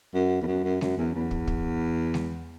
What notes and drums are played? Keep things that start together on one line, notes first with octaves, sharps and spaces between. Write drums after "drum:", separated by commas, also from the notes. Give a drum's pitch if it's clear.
F#2
E2
F#2
F#2
F#2, drum: snare G#3
E2
E2
drum: kick
drum: kick
drum: snare G#3